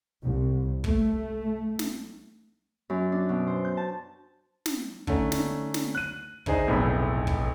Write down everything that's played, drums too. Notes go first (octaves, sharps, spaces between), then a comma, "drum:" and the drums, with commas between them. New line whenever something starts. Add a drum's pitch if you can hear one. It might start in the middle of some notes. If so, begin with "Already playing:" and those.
C2
A3, drum: kick
drum: snare
F#2
D4
B2
C5
G6
A5
drum: snare
D3 A3 C#4 D#4, drum: kick
drum: snare
drum: snare
F#6 D#7
D2 D4 D#4 G#4 C5 D#5, drum: kick
F1 B1 A2 E4 G#4 B5
drum: kick